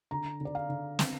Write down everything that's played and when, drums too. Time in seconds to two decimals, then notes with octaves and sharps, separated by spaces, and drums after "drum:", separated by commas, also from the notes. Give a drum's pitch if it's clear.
0.11 D3 A#5
0.41 D3 D5
0.55 F5
0.69 D3
0.99 C4, drum: snare